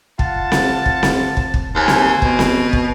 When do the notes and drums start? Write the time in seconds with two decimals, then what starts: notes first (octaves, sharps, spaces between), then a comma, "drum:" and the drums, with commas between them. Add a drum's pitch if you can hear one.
0.19 F4 F#5 A5, drum: kick
0.52 drum: snare C4
0.86 drum: kick
1.03 drum: snare C4
1.37 drum: kick
1.54 drum: kick
1.75 D#2 C5 G#5
1.88 drum: snare C4
2.22 B2, drum: kick
2.39 drum: snare C4
2.73 drum: kick